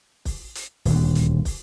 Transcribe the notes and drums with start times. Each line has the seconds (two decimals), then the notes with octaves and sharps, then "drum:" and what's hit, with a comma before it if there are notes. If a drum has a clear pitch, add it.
0.25 drum: kick, open hi-hat
0.55 drum: hi-hat
0.85 D#1 D2, drum: open hi-hat
1.15 drum: hi-hat
1.45 drum: kick, open hi-hat